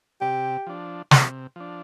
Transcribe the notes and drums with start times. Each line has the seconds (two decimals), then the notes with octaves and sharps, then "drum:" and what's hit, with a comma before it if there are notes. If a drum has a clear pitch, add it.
0.21 C3 G4
0.67 F3 D4
1.11 C3, drum: snare
1.56 F3 D4